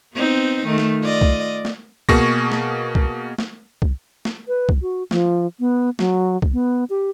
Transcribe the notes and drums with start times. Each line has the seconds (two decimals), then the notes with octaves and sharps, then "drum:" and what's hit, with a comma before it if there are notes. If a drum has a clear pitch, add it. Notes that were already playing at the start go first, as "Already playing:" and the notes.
0.13 B3 C4 D#4
0.66 D#3 A3
0.78 drum: snare
1.01 F4 D5 D#5
1.21 drum: kick
1.65 drum: snare
2.09 B2 A#3 G#4 C#6 A#6, drum: kick
2.52 drum: snare
2.95 drum: kick
3.38 drum: snare
3.82 drum: kick
4.25 drum: snare
4.48 B4
4.69 drum: kick
4.82 F#4
5.11 F3, drum: snare
5.60 B3
5.99 F#3, drum: snare
6.42 drum: kick
6.53 B3
6.90 G4